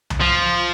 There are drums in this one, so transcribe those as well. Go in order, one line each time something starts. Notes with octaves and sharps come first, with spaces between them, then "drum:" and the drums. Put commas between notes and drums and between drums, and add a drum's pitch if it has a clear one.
drum: tom C2
F3